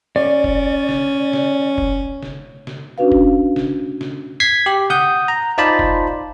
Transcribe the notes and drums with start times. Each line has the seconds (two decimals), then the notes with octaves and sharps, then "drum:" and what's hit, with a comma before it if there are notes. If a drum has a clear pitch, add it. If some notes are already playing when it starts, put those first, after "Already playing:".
0.16 C#4 D5
0.44 drum: kick F1
0.89 drum: snare
1.33 drum: snare
1.78 drum: kick F1
2.23 drum: snare
2.67 drum: snare
2.98 C#4 D4 F#4 B4 F5
3.12 drum: kick F1
3.56 drum: snare
4.01 drum: snare
4.40 G#6 B6 C7
4.66 G4
4.90 F#5 D#6 G6, drum: snare
5.28 A#5
5.58 D#4 F4 C5 D5 A5 B5
5.79 drum: kick F1